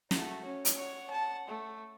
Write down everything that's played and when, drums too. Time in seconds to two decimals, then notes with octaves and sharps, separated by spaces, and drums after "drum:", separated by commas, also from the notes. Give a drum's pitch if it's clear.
0.11 A3 F#4, drum: snare
0.46 C#4
0.65 drum: hi-hat
0.77 C#5 F#5
1.11 A5
1.48 A3